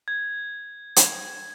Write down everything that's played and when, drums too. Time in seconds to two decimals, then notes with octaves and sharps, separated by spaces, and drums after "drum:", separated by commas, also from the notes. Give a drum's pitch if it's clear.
0.08 G#6
0.96 drum: hi-hat